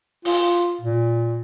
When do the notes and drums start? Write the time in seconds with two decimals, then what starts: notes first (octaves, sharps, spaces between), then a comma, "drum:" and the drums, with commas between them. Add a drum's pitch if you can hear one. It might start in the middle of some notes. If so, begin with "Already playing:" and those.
0.25 F4, drum: open hi-hat
0.81 A#2